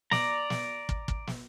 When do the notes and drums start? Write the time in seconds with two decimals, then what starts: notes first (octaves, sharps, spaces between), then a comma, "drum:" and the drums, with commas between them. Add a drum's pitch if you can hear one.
0.12 D5 A#5, drum: snare
0.50 drum: snare
0.89 drum: kick
1.08 drum: kick
1.27 drum: snare